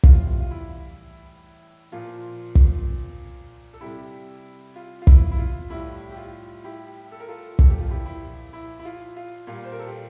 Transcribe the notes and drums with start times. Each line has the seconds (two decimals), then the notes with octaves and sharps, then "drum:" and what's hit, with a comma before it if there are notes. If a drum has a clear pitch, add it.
0.03 A2 E3 G3 F4, drum: kick
0.40 F4
0.51 E4
1.92 A#2 F3 F4
2.55 drum: kick
3.73 A4
3.81 C3 G3 E4 G4
4.76 F4
5.02 F4
5.07 E4, drum: kick
5.31 E4
5.38 F4
5.70 A2 G3 E4
6.11 G4
6.17 F4
6.64 E4 G4
7.12 A4
7.20 A#4
7.28 F4 A4
7.59 A#2 F3 A4, drum: kick
7.70 G4
7.80 F4
7.90 E4 G4
8.06 E4
8.53 E4
8.79 E4
8.85 F4
9.17 F4
9.47 A#2 G3 F4
9.64 C5
9.72 A#4
9.79 A4
9.87 G4